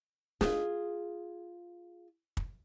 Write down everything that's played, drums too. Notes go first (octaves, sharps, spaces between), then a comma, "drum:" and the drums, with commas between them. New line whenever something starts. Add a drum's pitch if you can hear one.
F4 G#4, drum: snare
drum: kick